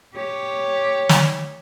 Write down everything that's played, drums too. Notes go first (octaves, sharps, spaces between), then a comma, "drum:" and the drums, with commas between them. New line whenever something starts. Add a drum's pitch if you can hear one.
G4 C#5
drum: snare